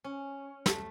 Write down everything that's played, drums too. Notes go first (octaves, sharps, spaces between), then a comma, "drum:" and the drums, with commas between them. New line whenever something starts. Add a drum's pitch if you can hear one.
C#4
A3, drum: snare